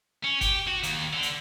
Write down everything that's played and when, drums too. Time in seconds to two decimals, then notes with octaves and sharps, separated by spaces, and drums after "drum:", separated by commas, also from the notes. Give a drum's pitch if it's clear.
0.24 C#4
0.41 G4, drum: kick G1, hi-hat
0.67 F#4
0.83 D#2, drum: hi-hat
1.13 D3
1.23 drum: hi-hat